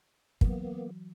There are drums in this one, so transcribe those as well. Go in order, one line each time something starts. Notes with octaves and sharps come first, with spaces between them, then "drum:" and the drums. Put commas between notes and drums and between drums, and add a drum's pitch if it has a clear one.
E3 F#3 A#3 B3, drum: kick